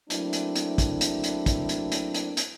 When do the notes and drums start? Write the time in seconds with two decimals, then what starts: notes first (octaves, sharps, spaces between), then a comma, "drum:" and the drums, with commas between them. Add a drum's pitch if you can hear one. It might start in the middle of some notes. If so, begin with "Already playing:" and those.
0.10 F#3 A3 A#3 C4 D4 E4, drum: hi-hat
0.33 drum: hi-hat
0.56 drum: hi-hat
0.78 drum: kick, hi-hat
1.01 drum: hi-hat
1.24 drum: hi-hat
1.46 drum: kick, hi-hat
1.69 drum: hi-hat
1.92 drum: hi-hat
2.14 drum: hi-hat
2.37 drum: hi-hat